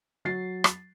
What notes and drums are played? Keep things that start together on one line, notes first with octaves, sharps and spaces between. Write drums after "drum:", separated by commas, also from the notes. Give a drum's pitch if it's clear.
F#3 A6 C7
drum: rim click